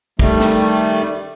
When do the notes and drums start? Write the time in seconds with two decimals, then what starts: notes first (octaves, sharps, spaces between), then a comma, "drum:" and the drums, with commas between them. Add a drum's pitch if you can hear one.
0.19 D#3 G3 A3, drum: kick
0.40 drum: snare